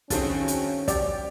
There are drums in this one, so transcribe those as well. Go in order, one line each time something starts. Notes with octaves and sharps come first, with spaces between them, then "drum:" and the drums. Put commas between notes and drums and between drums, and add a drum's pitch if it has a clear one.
G2 D#3 C4 C#4 F#4 G#4 A4, drum: kick, hi-hat
drum: hi-hat
G4 D5, drum: kick, hi-hat